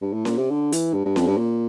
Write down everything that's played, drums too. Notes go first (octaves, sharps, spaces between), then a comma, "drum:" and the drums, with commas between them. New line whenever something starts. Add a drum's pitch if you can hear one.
G2
A2
A#2, drum: snare C#4
C3
D3
E3, drum: hi-hat
G2
G2
F2, drum: snare C#4
G2
A#2